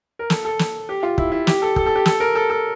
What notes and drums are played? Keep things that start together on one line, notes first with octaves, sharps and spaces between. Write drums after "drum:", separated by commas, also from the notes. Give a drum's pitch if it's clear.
A#4
A4, drum: snare
A4
drum: snare
G4
F4
E4, drum: kick
E4
G4, drum: snare
A4
A4, drum: kick
A4
G4
A4, drum: snare
A#4
A4
A4